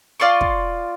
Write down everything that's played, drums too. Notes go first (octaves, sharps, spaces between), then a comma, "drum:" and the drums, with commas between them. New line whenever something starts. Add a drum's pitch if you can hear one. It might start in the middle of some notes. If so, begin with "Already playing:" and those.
F4 D5 C6 C#6
drum: kick